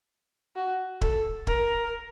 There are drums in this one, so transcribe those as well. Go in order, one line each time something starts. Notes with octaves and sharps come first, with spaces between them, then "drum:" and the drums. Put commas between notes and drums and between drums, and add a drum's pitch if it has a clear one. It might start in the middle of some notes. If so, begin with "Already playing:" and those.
F#4
A4, drum: kick
A#4, drum: kick